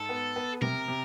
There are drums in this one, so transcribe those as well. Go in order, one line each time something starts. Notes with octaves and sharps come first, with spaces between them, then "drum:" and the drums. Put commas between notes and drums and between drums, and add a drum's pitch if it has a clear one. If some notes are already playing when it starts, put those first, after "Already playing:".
Already playing: G#2 A4
B3
B3
C3 A#4, drum: tom B2
C3